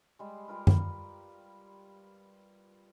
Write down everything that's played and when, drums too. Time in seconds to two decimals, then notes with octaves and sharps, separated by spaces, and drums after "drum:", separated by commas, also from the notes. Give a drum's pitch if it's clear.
0.19 G3 G#3
0.48 G3 F4 A#4 B4
0.67 drum: tom F#2